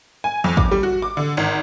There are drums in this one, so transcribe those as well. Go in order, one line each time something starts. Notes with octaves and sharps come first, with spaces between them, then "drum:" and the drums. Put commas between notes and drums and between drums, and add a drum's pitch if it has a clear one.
G#5
F2
D6, drum: kick A1
G3
F#4
D6
D3
G#1